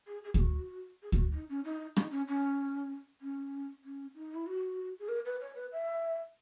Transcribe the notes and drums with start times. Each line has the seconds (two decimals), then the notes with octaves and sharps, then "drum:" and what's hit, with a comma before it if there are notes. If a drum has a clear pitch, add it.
0.07 G#4
0.24 G#4
0.34 G#4, drum: kick
0.40 F#4
1.02 G#4
1.12 F#4, drum: kick
1.33 D#4
1.49 C#4
1.65 D#4
1.96 D#4, drum: rim click
2.11 C#4
2.28 C#4
3.21 C#4
3.84 C#4
4.15 D#4
4.34 E4
4.46 F#4
4.99 G#4
5.08 A#4
5.25 B4
5.41 C#5
5.55 B4
5.72 E5